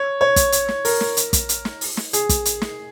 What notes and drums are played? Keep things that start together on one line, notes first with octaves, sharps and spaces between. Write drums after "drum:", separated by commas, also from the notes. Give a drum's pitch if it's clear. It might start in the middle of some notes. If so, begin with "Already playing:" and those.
Already playing: C#5
C#5
drum: kick, hi-hat
drum: hi-hat
drum: snare
A#4, drum: open hi-hat
drum: snare
drum: hi-hat
drum: kick, hi-hat
drum: hi-hat
drum: snare
drum: open hi-hat
drum: snare
G#4, drum: hi-hat
drum: kick, hi-hat
drum: hi-hat
drum: snare